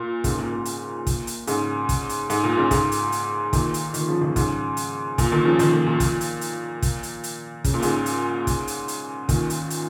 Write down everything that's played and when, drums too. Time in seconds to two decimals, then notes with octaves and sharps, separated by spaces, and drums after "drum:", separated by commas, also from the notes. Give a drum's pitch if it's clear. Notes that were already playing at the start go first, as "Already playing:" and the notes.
Already playing: A#2
0.24 G#2 C#3, drum: kick, hi-hat
0.38 A#2
0.52 A#2
0.65 drum: hi-hat
1.07 drum: kick, hi-hat
1.27 drum: hi-hat
1.47 G#2 C#3, drum: hi-hat
1.89 drum: kick, hi-hat
2.09 drum: hi-hat
2.30 G#2, drum: hi-hat
2.44 A#2
2.57 G#2 C#3
2.71 G#2, drum: kick, hi-hat
2.92 drum: hi-hat
3.12 drum: hi-hat
3.53 A#2 D#3, drum: kick, hi-hat
3.74 drum: hi-hat
3.94 A#2 D#3, drum: hi-hat
4.08 C#3 F3
4.21 A#2 D#3
4.36 G#2 C#3, drum: kick, hi-hat
4.77 drum: hi-hat
5.18 A#2, drum: kick, hi-hat
5.32 A#2 D#3
5.45 C#3 F3
5.59 A#2 D#3, drum: hi-hat
5.72 A#2
5.87 A#2
6.00 A#2, drum: kick, hi-hat
6.21 drum: hi-hat
6.41 drum: hi-hat
6.82 drum: kick, hi-hat
7.03 drum: hi-hat
7.24 drum: hi-hat
7.64 C#3, drum: kick, hi-hat
7.74 A#2
7.82 G#2 C#3, drum: hi-hat
8.06 drum: hi-hat
8.47 drum: kick, hi-hat
8.68 drum: hi-hat
8.88 drum: hi-hat
9.29 A#2 D#3, drum: kick, hi-hat
9.50 drum: hi-hat
9.70 drum: hi-hat